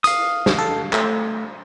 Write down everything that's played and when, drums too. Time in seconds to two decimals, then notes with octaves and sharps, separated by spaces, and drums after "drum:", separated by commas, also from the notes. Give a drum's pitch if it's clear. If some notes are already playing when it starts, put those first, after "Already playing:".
0.04 F5 D#6, drum: hi-hat
0.46 drum: snare
0.58 A4
0.93 A3, drum: clap